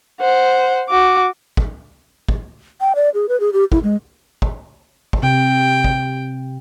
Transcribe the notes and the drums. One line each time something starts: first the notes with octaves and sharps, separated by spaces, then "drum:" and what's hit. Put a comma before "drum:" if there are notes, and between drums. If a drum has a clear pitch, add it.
C5 F#5
F#4 D6
drum: kick
drum: kick
G5
D5
G#4
B4
G#4
G4
E4, drum: kick
G#3
drum: kick
drum: kick
C3 G5
drum: kick